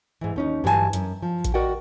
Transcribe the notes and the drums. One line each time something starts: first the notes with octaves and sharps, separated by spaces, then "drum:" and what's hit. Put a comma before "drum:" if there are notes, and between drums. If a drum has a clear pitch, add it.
G#2 E3
D#2 C#4 D#4
G2 E3 F#3 A#4 G#5 A5
F#2, drum: hi-hat
F3
drum: kick A1, hi-hat
F#4 A#4 D5 D#5 F#5 G5